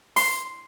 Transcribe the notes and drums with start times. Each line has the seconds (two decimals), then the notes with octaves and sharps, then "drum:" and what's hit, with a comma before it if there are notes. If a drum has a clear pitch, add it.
0.16 C6, drum: open hi-hat